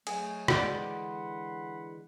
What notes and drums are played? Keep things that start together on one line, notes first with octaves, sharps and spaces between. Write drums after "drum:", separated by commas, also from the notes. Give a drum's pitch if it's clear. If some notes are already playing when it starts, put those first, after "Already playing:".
F#3 A3 G#4, drum: cymbal
D3 E3 G#3 D5 F#5 G5 B5 C6, drum: rim click